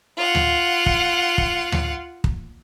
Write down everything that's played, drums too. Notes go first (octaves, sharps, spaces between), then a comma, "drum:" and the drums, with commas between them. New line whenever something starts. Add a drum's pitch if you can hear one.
F4 F#5
drum: tom D2
drum: kick
drum: kick
drum: tom D2
drum: kick